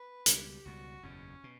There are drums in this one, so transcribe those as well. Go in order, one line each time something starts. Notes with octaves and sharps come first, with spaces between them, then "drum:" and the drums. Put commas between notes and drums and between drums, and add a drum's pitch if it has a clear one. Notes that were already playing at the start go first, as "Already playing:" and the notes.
Already playing: B4
C#2 B2 G3 G4, drum: hi-hat
C#2 B2 G3 F#4
F#1 E2 B2 C#4
B2